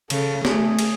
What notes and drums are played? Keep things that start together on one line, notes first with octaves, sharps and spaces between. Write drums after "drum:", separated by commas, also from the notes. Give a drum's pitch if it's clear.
C#3 A4, drum: cymbal
A3 G#4, drum: snare
drum: cymbal